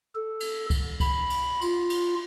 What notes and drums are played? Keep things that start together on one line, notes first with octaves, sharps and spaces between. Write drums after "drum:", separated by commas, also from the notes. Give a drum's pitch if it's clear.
A4
drum: cymbal
drum: kick C2, cymbal
B5, drum: kick C2, cymbal
drum: cymbal
F4, drum: cymbal
drum: cymbal